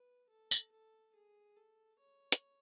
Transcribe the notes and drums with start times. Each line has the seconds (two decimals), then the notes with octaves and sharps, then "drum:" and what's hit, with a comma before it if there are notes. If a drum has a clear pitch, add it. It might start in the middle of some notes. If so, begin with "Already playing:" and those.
Already playing: B4
0.30 A4
0.51 drum: tambourine
0.72 A4
1.15 G#4
1.57 A4
2.00 C#5
2.32 drum: hi-hat